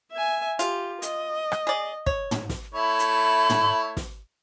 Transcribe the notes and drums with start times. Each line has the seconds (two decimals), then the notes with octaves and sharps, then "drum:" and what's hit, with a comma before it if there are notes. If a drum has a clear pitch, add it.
0.12 E5 G#5
0.59 F4 G4, drum: hi-hat
1.02 D#5, drum: hi-hat
1.52 drum: rim click
1.67 G#4 D5
2.06 C#5, drum: kick
2.31 drum: tom
2.49 drum: snare
2.74 A3 E4 C#5 B5
2.99 drum: hi-hat
3.50 drum: tom
3.97 drum: snare